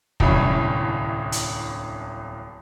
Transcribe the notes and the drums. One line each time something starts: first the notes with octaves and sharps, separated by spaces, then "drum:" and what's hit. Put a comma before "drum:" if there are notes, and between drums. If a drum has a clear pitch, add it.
D1 G1 C2 E3 C#4 B5, drum: kick
drum: hi-hat